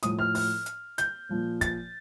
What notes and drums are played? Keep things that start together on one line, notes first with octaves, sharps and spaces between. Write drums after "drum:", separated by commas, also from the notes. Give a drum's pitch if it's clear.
A2 F3 D#6, drum: hi-hat
F6
F6, drum: open hi-hat
drum: hi-hat
G6, drum: hi-hat
A#2 F3
A6, drum: kick, hi-hat